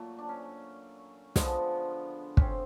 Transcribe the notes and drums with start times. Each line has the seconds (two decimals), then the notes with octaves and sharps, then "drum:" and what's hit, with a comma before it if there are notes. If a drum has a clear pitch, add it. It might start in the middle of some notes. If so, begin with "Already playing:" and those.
Already playing: A#2 F#3 A3
0.18 D4
0.29 C#4
1.36 D3 F3 G#3 B3, drum: snare
2.37 C4 C#4, drum: kick